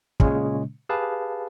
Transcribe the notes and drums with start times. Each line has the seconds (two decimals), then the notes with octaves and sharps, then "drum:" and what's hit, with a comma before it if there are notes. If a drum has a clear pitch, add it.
0.20 A#2 C#3 G#3 C#4, drum: kick
0.89 G4 G#4 B4 F5 A5